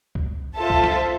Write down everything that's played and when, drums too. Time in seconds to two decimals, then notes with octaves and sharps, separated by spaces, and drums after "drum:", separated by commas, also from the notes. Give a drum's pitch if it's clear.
0.15 drum: kick C2
0.56 F4 A4 C5 E5 A5
0.70 drum: kick C2
0.84 drum: snare